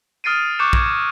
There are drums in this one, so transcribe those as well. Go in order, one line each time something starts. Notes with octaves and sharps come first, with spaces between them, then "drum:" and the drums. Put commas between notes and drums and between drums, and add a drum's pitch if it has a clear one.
D#6 F6 A6 C7 D7 D#7
C#6 D6 F#6 G6 C#7 E7
G#6 A#6, drum: kick